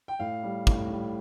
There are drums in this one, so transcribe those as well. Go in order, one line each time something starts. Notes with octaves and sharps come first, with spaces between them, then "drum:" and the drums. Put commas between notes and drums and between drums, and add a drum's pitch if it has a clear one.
G5
A2 F5
G3
A2, drum: kick
G3